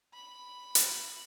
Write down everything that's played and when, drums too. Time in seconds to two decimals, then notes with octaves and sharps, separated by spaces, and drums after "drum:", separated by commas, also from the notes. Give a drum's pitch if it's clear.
0.13 B5
0.75 drum: hi-hat